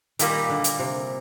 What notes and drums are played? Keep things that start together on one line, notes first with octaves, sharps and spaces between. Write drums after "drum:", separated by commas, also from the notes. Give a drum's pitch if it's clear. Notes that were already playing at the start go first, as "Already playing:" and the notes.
A#2 D#3 G3 A#3, drum: hi-hat
D3
drum: hi-hat
C3